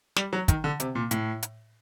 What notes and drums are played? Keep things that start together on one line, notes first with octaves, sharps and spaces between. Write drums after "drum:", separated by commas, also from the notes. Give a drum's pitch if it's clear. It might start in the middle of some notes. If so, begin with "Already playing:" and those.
G3, drum: snare
F#3
D#3, drum: kick, hi-hat
D3
C3, drum: hi-hat
A#2
A2, drum: hi-hat
drum: hi-hat